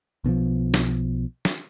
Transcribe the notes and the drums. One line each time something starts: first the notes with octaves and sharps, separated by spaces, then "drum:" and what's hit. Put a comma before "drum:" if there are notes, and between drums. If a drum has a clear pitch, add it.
B1 B2 D3 F3
drum: snare
drum: snare